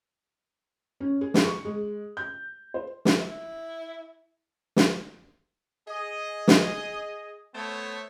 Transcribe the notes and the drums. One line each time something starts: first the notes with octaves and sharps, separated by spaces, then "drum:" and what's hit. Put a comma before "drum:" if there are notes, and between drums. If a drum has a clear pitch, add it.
C#4
G#4
drum: snare
C#6
G#3
G6
C5
drum: snare
E4
drum: snare
G#4 D#5
drum: snare
A3 B3 A4 C5 C#5 E5